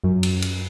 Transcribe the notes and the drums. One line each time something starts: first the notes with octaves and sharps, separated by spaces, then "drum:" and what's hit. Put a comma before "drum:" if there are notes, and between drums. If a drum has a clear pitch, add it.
F#2
drum: cymbal
drum: cymbal